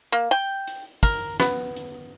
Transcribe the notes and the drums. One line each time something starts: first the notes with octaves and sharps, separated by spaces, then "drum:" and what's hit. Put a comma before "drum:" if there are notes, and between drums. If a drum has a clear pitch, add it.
A#3
G5
drum: hi-hat
A#4, drum: kick, open hi-hat
B3, drum: snare
drum: hi-hat